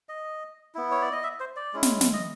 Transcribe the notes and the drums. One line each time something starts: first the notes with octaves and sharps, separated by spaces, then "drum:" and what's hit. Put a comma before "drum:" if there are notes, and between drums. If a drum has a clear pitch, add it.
D#5
B3 E4
C#5
D5
D#5
E5
C5
D5
G#3 C#4 E4
drum: snare
drum: snare
D#5